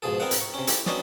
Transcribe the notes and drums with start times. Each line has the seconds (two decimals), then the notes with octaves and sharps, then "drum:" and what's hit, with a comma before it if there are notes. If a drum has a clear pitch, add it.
0.02 G#2 B2 F3 G#4 A4
0.20 B3 C4 D#4 A#4 F5 F#5
0.31 drum: hi-hat
0.41 C#6
0.54 C3 C#4
0.67 E4 G4 A4 C#6, drum: hi-hat
0.86 F#3 B3 C#4 D4 D#5, drum: snare